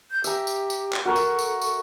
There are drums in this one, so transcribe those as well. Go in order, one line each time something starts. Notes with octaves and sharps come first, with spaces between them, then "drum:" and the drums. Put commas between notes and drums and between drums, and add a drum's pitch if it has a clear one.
G6
G4 E5 A#5, drum: tambourine
drum: tambourine
drum: tambourine
drum: clap
F#4 A4 A#4 C#6
drum: tambourine
drum: tambourine
drum: tambourine